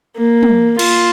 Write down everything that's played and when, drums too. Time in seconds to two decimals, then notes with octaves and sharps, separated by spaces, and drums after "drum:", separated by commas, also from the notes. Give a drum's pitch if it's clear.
0.17 A#3
0.43 drum: tom
0.79 F4, drum: cymbal